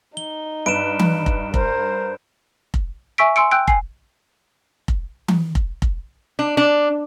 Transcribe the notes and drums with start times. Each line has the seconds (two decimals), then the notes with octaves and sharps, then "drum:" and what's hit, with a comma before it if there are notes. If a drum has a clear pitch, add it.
0.17 D#4 G7
0.66 G2 B4 D7 E7
0.99 drum: tom E3
1.26 drum: kick F1
1.54 A#4 C5, drum: kick F1
2.74 drum: kick F1
3.18 E5 G#5 C#6 E6 B6 D7
3.36 G#5 C6 E6 C#7 D7
3.51 G5 E6 F#6 G6 D7
3.68 G#5 C7, drum: kick F1
4.88 drum: kick F1
5.28 drum: tom E3
5.55 drum: kick F1
5.82 drum: kick F1
6.39 D4
6.57 D4